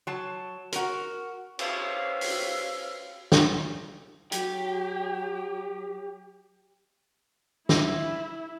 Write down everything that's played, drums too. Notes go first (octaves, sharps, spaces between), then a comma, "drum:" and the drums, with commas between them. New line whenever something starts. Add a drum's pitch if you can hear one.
F#3 A5
F#4 A#4, drum: hi-hat
C#4 B4 C5 E5 F5, drum: cymbal
drum: open hi-hat
drum: snare
F#3 G4, drum: hi-hat
E4, drum: snare